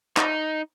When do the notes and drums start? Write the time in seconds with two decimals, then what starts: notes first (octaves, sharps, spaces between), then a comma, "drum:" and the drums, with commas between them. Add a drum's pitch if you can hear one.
0.17 D#4, drum: clap